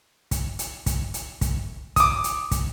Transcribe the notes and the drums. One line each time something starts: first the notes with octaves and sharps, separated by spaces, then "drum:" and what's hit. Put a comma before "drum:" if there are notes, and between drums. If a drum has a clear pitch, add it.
drum: kick, hi-hat
drum: hi-hat
drum: kick, hi-hat
drum: hi-hat
drum: kick, hi-hat
D6 D#6, drum: kick, hi-hat
drum: hi-hat
drum: kick, hi-hat